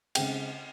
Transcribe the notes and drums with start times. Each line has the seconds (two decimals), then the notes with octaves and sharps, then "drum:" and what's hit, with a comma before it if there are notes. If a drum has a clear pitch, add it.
0.15 C#3 G#3 C4 G5, drum: cymbal